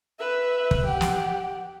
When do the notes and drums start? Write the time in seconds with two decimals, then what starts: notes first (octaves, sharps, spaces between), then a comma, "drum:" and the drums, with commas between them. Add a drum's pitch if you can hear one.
0.19 B4 E5
0.71 drum: kick
0.86 G4 F#5
1.01 drum: snare